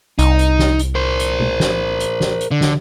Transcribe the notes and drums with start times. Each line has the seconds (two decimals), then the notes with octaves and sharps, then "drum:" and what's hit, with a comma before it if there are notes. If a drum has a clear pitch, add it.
0.19 C2 D#4, drum: hi-hat
0.39 drum: hi-hat
0.59 drum: snare
0.79 drum: hi-hat
0.95 A#4 C5
1.20 drum: hi-hat
1.40 drum: tom B2
1.60 drum: snare
2.00 drum: hi-hat
2.20 drum: snare
2.41 drum: hi-hat
2.51 D3
2.61 drum: snare